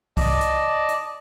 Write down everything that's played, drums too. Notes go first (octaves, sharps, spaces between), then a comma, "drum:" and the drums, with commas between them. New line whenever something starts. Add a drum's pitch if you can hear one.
D5 D#5 A5, drum: kick C2, open hi-hat
drum: hi-hat
drum: hi-hat